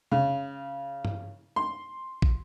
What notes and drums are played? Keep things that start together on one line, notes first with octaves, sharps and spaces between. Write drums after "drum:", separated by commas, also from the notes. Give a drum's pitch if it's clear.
C#3
drum: tom G2
C6
drum: kick